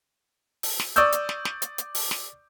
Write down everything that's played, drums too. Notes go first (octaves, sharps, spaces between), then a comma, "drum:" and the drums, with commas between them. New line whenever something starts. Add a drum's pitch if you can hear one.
drum: open hi-hat
drum: snare
D5 C#6 D#6 E6 G6, drum: hi-hat
drum: hi-hat
drum: snare
drum: snare
drum: hi-hat
drum: hi-hat
drum: open hi-hat
drum: snare